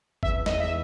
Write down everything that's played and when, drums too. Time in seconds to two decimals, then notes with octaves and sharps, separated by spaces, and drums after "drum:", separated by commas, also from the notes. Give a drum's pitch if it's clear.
0.23 E2 E5, drum: kick
0.46 E2 D#5, drum: snare
0.60 E5